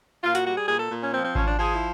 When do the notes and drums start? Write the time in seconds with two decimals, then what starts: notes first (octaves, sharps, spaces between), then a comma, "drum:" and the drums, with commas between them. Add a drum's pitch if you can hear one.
0.24 A#2 F4
0.35 F#4, drum: hi-hat
0.46 G3 F#4
0.57 G#4
0.68 A#2 G#4
0.80 A4
0.90 A#2
1.02 C#4
1.13 F3 C4
1.24 C4
1.35 F3 C#4, drum: kick G#1
1.47 D4
1.58 F3 G#4
1.73 E4